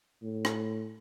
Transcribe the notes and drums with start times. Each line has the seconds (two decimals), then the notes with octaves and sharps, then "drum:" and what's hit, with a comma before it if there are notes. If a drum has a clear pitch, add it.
0.23 A2
0.45 drum: rim click